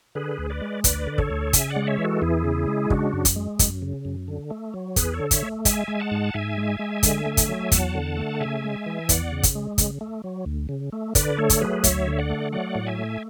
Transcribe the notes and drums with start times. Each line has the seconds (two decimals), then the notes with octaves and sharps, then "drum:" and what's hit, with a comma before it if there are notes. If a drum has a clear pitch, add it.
0.15 D3 G#4 B4
0.39 D2
0.50 B4 D5
0.61 G#3
0.84 D2 B4 D5, drum: kick, hi-hat
1.07 D3
1.18 A4 C#5, drum: kick
1.30 D2
1.53 C#3 E5 G#5, drum: kick, hi-hat
1.70 D5 F#5
1.76 G#3
1.87 C#5 E5
1.99 E3
2.04 F#4 A4
2.22 E2 E4 G#4
2.44 C#3
2.68 G#3
2.90 C#3 D4 F#4, drum: kick
3.13 F#2
3.25 drum: kick, hi-hat
3.36 G#3
3.59 F#2, drum: kick, hi-hat
3.82 C#3
4.05 F#2
4.28 D3
4.50 A3
4.74 F#3
4.96 E2 G#4 B4, drum: kick, hi-hat
5.14 A4 C#5
5.20 D3
5.31 C#5 E5, drum: kick, hi-hat
5.43 A3
5.65 G#3 E5 G#5, drum: kick, hi-hat
5.88 G#3
6.00 F#5 A5
6.11 G#2
6.34 G#2 E5 G#5
6.58 G#3
6.79 G#3
7.03 D3, drum: kick, hi-hat
7.26 A3
7.37 drum: kick, hi-hat
7.48 F#3
7.72 E2 F#5 A5, drum: kick, hi-hat
7.95 D3
8.17 A3
8.40 C#3 E5 G#5
8.64 G#3
8.86 E3
9.09 E2 D5 F#5, drum: kick, hi-hat
9.32 C#3
9.43 drum: kick, hi-hat
9.55 G#3
9.78 C#3, drum: kick, hi-hat
10.01 A3
10.24 F#3
10.46 D2
10.69 C#3
10.93 A3
11.15 D3 B4 D5, drum: kick, hi-hat
11.38 A3 A4 C#5
11.50 drum: kick, hi-hat
11.61 F#3 G#4 B4
11.84 D2 C#5 E5, drum: kick, hi-hat
12.07 D3
12.18 D5 F#5
12.30 A3
12.52 F#3 D5 F#5
12.75 A2
12.87 E5 G#5
12.99 A3